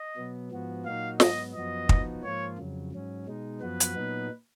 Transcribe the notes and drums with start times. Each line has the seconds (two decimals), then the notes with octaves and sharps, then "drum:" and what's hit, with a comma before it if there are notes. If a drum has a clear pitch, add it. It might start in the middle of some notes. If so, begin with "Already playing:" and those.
Already playing: D#5
0.17 B2 F#3 B3
0.51 G#2 F3 B3 F#4
0.85 A#2 F#3 A#3 D#4 F#4 F5
1.20 G#2 F#3 B3 D#5, drum: snare
1.54 F#2 F3 B3 F#4 D#5
1.89 F3 B3 D#4 F#4, drum: kick
2.23 G#2 F3 A#3 F4 C#5
2.58 F2 C#3 F#3
2.92 G#2 F#3 C#4
3.26 B2 G#3 D#4
3.61 F#2 F3 B3 F#4 B4
3.80 drum: hi-hat
3.95 A#2 F#3 B3 D#4